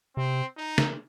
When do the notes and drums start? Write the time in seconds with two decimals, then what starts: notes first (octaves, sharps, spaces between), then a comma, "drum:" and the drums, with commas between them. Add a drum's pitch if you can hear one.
0.17 C3 C4
0.57 D#4
0.78 drum: snare